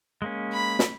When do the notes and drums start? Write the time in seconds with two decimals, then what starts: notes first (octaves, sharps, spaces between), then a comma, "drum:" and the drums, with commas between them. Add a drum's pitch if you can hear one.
0.22 G#3 A#3 C#4
0.52 B5
0.79 drum: snare